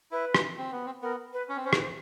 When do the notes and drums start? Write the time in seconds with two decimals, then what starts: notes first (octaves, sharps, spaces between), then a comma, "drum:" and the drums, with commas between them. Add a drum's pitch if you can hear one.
0.11 E4 B4
0.35 drum: rim click
0.58 C4
0.72 B3
0.86 C4
1.02 B3 A#4
1.33 B4
1.49 C#4
1.57 C4
1.64 C#4 C5
1.73 B4, drum: rim click
1.82 C5